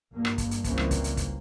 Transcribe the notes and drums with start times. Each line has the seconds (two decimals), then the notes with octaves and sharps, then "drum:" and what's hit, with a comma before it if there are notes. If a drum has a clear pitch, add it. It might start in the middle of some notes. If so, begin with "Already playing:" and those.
0.14 A#1 G2 A#2 A#3
0.25 drum: rim click
0.38 drum: kick, hi-hat
0.51 drum: hi-hat
0.64 C#2 C#3 E3 G3 A#3 C4, drum: kick, hi-hat
0.78 drum: rim click
0.91 drum: kick, hi-hat
1.04 drum: hi-hat
1.17 drum: kick, hi-hat